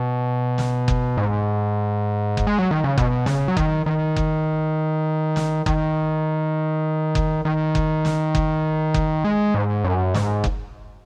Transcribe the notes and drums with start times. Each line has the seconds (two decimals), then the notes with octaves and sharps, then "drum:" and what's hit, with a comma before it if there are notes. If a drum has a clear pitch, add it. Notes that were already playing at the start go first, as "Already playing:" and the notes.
Already playing: B2
0.58 drum: snare
0.88 drum: kick F#1
1.17 G#2
2.37 drum: kick F#1
2.47 G#3
2.58 F#3
2.71 D#3
2.84 C#3
2.98 B2, drum: kick F#1
3.26 C#3, drum: snare
3.48 F#3
3.57 D#3, drum: kick F#1
3.86 D#3
4.16 drum: kick F#1
5.36 drum: snare
5.66 D#3, drum: kick F#1
7.15 drum: kick F#1
7.45 D#3
7.75 drum: kick F#1
8.05 drum: snare
8.35 drum: kick F#1
8.94 drum: kick F#1
9.24 G#3
9.54 G#2
9.84 F#2
10.14 G#2, drum: snare
10.44 drum: kick F#1